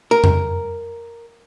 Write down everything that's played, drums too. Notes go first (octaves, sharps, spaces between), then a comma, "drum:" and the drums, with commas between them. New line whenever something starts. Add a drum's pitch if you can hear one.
A#4
drum: tom F2